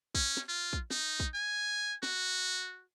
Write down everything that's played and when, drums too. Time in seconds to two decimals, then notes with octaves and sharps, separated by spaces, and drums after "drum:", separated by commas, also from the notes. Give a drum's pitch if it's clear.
0.15 C#4, drum: kick
0.37 drum: snare
0.48 F4
0.73 drum: kick
0.91 D#4, drum: snare
1.20 drum: kick
1.34 G#5
2.03 F#4, drum: snare